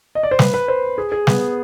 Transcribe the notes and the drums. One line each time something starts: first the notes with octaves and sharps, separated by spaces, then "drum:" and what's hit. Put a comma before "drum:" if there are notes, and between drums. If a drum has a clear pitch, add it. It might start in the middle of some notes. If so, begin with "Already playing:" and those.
D#5
D5
C5
B4, drum: snare
B4
C5
G#4
G#4
B3, drum: snare